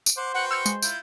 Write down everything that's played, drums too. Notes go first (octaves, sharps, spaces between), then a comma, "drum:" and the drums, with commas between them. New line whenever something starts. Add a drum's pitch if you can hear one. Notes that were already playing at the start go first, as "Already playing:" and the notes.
drum: tambourine
C5 F#5 D6
F#4 B4 F#5 G5
E6 F6 G6 C#7
G#3, drum: tambourine
E4 F4 G6, drum: tambourine